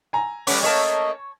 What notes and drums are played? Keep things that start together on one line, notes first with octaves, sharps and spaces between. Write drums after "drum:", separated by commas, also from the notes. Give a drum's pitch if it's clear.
G#5 A#5
G3 A3 B3 C#4 D6, drum: open hi-hat
A3 A#3 A#4 C#5 D#5 A5